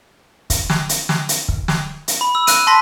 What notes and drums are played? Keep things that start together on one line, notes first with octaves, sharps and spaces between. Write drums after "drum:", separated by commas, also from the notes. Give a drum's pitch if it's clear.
drum: kick, hi-hat
drum: snare
drum: hi-hat
drum: snare
drum: hi-hat
drum: kick
drum: snare
drum: hi-hat
B5
E6
F#6 D#7, drum: hi-hat
A5 C6 A#6 B6